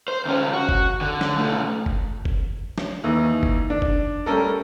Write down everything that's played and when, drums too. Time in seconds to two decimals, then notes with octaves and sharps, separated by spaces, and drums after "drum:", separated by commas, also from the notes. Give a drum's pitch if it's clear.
0.08 C5
0.25 D2 C#4
0.53 F#4
0.69 drum: kick F#1
1.01 D3
1.21 drum: snare
1.36 B1 A3
1.86 drum: kick F#1
2.25 drum: kick F#1
2.78 drum: snare
3.04 D#2 E3 D#4
3.43 drum: kick F#1
3.70 D4
3.82 drum: kick F#1
4.26 G3 A3 C#4 A4 A#4